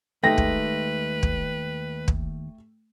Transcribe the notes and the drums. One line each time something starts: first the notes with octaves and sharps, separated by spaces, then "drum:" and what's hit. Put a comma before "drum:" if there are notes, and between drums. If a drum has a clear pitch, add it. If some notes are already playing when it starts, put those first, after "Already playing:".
D#2 G#3 A3 D#4 B4 G5 A#6
drum: kick
drum: kick
drum: kick